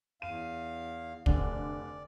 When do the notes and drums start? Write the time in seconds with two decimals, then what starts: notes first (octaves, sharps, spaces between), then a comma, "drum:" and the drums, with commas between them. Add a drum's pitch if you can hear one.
0.22 E2 F5 D#7
1.26 F1 D2 D3 D5, drum: kick